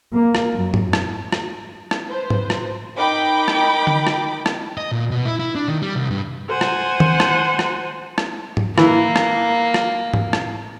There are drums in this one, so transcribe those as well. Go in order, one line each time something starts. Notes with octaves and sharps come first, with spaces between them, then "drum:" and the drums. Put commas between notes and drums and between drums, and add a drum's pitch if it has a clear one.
A#3
drum: rim click
F#2
drum: tom G#2
drum: rim click
drum: rim click
drum: rim click
B4 C5
drum: tom G#2
drum: rim click
D#4 A#4 D#5 G5 B5 D6
drum: rim click
drum: tom D3
drum: rim click
drum: rim click
D#5
A#2
B2
E4
E4
D4
D#3
G3
C2
G2
C5 F#5 G#5
drum: rim click
drum: tom D#3
drum: rim click
drum: rim click
drum: rim click
drum: tom G#2
E3 A#3, drum: rim click
drum: rim click
drum: rim click
drum: tom
drum: rim click